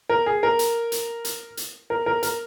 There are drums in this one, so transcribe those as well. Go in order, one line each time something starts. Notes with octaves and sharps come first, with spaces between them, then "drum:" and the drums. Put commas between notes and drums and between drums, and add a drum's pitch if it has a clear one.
A#4
G#4
A#4
drum: hi-hat
drum: hi-hat
drum: hi-hat
drum: hi-hat
A#4
A#4
A#4, drum: hi-hat